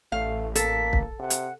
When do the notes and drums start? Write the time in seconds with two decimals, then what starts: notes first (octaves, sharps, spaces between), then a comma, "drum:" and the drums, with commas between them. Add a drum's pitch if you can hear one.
0.12 A1 A3 F5
0.55 A#3 A4 B6, drum: hi-hat
0.93 drum: kick
1.19 C3 F#5
1.30 drum: hi-hat